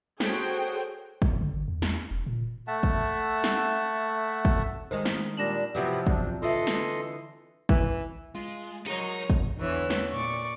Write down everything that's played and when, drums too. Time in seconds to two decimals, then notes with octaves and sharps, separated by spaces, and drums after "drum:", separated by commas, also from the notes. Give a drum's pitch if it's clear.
0.20 F#4 G#4 A4 C5 C#5 G5, drum: snare
1.22 drum: kick
1.41 D3
1.54 G#1
1.68 E2
1.82 drum: snare
2.11 E1
2.26 A#2
2.67 A3 E5 F#5 A5
2.83 drum: kick
3.44 drum: snare
4.45 drum: kick
4.91 D#3 G#3 C5
5.05 drum: snare
5.37 A#2 G3 D4 A#6 E7 F#7
5.75 C3 F3 F#3 B3 E4 G4
6.07 D4, drum: kick
6.42 D3 E3 F4 A4 D#5 E5 C6
6.67 drum: snare
7.69 E3, drum: kick
8.35 G#3 F4
8.86 F#3 G#3 D#4 G#4 A#4 C#5
9.30 drum: kick
9.58 E2 D3 E3 B3 C#5
9.90 drum: snare
10.10 A#2 D5 C#6